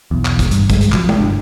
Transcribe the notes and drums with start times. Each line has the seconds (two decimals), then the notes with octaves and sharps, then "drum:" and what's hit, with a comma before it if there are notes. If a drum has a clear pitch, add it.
0.11 B1 E2
0.25 drum: clap
0.39 drum: kick, hi-hat
0.51 G2, drum: hi-hat
0.70 C2 G2 G#3, drum: kick, hi-hat
0.81 drum: hi-hat
0.92 C3 F3 F#3, drum: clap
1.09 drum: tom
1.18 G1 D4